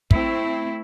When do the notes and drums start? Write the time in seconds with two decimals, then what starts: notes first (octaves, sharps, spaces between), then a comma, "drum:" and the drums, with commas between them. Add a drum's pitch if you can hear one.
0.11 A3 C4 E4, drum: kick